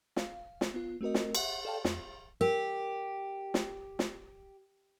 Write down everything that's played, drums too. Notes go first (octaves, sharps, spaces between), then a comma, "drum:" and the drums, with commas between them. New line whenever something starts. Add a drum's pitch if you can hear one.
F5, drum: snare
drum: snare
B3 F4
A3 C4 F#4 A#4 D#5
drum: snare
E5 F#5, drum: cymbal
A4 D5 F5 G5 A5
F2, drum: snare
G4 A#4
drum: snare
drum: snare